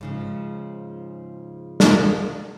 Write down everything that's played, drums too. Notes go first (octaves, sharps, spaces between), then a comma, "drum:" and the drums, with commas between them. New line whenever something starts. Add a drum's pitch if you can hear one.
G#2 C#3 F3
drum: snare